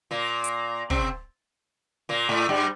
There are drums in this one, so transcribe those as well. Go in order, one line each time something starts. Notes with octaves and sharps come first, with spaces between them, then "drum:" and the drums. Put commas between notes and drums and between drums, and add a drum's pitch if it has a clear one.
A#2 A#3
drum: hi-hat
C3 C4, drum: kick
A#2 A#3
A2 A3
G2 G3